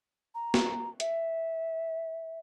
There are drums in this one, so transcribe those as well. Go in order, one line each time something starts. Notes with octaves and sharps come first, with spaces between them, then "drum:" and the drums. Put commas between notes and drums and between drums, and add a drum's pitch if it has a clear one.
A#5
drum: snare
E5, drum: hi-hat